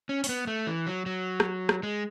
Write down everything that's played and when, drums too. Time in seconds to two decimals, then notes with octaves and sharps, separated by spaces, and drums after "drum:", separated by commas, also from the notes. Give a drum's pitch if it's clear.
0.09 C#4
0.24 C#4, drum: open hi-hat
0.29 B3
0.47 A3
0.67 E3
0.87 F#3
1.06 F#3
1.40 drum: rim click
1.69 drum: rim click
1.83 G#3